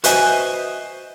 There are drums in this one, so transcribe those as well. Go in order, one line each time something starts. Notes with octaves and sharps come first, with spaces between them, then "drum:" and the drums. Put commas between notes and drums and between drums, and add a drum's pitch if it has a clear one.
F#4 B4 C5 D#5 E5 G#5, drum: hi-hat